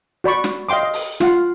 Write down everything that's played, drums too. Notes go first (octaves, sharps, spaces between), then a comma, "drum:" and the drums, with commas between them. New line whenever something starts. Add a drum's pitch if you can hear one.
F#4 D5 B5 C#6
drum: snare
D#5 F5 G5 C6 D6
D#5
drum: open hi-hat
F4 F5 F#5, drum: snare